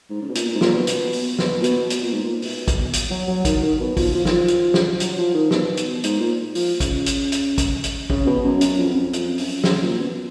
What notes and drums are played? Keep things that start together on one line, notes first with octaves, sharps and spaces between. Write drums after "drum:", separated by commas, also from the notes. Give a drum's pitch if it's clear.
G#2
C#3
B2
A#2, drum: hi-hat
A#2
G#2
A#2, drum: snare
B2
drum: hi-hat
drum: open hi-hat
B2, drum: snare
A#2
B2, drum: hi-hat
B2, drum: hi-hat
A#2
G#2
A#2
B2, drum: open hi-hat
drum: kick, hi-hat
drum: hi-hat
F#3
F#3
D#3, drum: kick, hi-hat
D#3
B2
F3, drum: kick, open hi-hat
F3
D#3, drum: snare
F3
drum: hi-hat
drum: snare
F#3, drum: hi-hat
F3
D#3
B2, drum: snare
drum: hi-hat
G#2, drum: hi-hat
A#2
F3, drum: open hi-hat
C#3, drum: kick, hi-hat
drum: hi-hat
drum: hi-hat
drum: kick, hi-hat
drum: hi-hat
C#3, drum: kick
B2
F#2
F#2, drum: hi-hat
F2
F2
F2, drum: hi-hat
F#2, drum: open hi-hat
F#2, drum: snare
A#2
B2